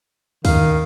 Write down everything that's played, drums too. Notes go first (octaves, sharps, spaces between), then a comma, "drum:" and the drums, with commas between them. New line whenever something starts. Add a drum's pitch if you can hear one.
D#3 F5, drum: kick D2, open hi-hat